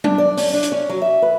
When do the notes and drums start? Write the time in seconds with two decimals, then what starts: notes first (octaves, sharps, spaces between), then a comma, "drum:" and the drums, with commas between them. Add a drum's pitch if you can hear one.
0.04 D4, drum: tom F#3
0.18 D5
0.37 C#4, drum: open hi-hat
0.53 D4
0.63 drum: hi-hat
0.72 C#4
0.89 F#3
1.02 E5
1.22 B4